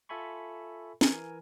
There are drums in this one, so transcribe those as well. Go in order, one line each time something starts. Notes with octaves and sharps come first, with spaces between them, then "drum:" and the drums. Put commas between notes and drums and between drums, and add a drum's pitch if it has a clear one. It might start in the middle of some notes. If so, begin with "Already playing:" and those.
F4 A4 E5 G#5 B5 C#6
E3 A#4 G#5, drum: snare